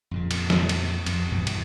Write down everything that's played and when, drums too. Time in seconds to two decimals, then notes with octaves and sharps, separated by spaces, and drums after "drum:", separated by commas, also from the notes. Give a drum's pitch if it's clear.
0.11 F2 A#2 C#3
0.31 drum: cymbal
0.50 drum: snare
0.69 drum: cymbal
1.06 F2, drum: cymbal
1.32 E2 G2 B2 E3
1.47 drum: cymbal